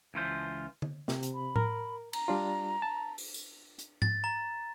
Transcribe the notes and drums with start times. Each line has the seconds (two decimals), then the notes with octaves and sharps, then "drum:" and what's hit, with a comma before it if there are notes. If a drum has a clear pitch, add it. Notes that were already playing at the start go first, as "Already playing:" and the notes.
0.14 C#2 E3 F4 C5
0.82 drum: tom D3
1.08 C3, drum: snare
1.23 drum: hi-hat
1.34 B5
1.56 A#4, drum: tom A2
2.13 A#5, drum: cymbal
2.28 G3 D4 F4
2.82 A5
3.18 drum: open hi-hat
3.34 drum: tambourine
3.79 drum: hi-hat
4.02 A6, drum: tom G#2
4.24 A#5